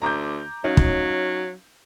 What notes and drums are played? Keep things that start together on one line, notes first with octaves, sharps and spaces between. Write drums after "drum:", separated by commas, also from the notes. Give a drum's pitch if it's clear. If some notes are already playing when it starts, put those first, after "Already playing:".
D2 A#5 D6 G6
F#3 C#4 D#4 F5
drum: kick